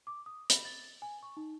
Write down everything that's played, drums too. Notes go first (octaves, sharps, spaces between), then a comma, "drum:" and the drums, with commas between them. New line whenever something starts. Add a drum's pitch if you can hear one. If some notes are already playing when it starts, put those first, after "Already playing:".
D6
D#6
B5, drum: hi-hat
A6
G#5
C#6
D#4